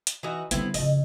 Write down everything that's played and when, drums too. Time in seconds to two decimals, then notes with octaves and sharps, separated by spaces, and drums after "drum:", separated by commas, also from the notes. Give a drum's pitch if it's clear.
0.07 drum: hi-hat
0.23 E3 D#4 F#4
0.51 D3 G3 B3 C4 E4, drum: hi-hat
0.74 F2 C#3 D#5, drum: open hi-hat